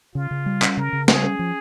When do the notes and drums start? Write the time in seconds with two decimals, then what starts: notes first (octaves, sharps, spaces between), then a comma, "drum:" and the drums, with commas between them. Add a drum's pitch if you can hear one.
0.15 C#3 F4
0.31 C#3
0.46 G3
0.62 C#4, drum: clap
0.77 C#3 A#4
0.93 C#3
1.08 G3 G#4, drum: snare
1.24 C#4
1.39 F3